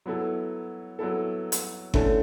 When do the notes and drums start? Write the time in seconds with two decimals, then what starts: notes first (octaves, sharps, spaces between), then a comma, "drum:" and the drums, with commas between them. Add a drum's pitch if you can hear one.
0.06 F#3 B3 E4 A4
0.99 F#3 B3 E4 A4
1.52 drum: hi-hat
1.94 D3 A3 C#4 E4 A4, drum: kick G1